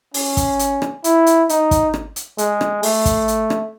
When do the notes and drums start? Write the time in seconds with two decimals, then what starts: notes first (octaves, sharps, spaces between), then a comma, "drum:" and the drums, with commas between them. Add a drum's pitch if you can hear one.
0.14 C#4, drum: open hi-hat
0.37 drum: kick, hi-hat
0.59 drum: hi-hat
0.82 drum: rim click
1.04 E4, drum: hi-hat
1.26 drum: hi-hat
1.49 D#4, drum: hi-hat
1.71 drum: kick, hi-hat
1.94 drum: rim click
2.16 drum: hi-hat
2.38 G#3, drum: hi-hat
2.61 drum: rim click
2.83 A3, drum: open hi-hat
3.06 drum: kick, hi-hat
3.28 drum: hi-hat
3.50 drum: rim click